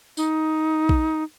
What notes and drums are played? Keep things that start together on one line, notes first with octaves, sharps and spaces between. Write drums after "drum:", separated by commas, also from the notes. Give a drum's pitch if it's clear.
D#4, drum: tambourine
drum: kick A#1